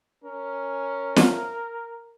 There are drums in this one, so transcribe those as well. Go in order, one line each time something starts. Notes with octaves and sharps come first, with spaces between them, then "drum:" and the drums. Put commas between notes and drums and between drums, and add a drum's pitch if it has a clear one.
C#4 A#4
drum: snare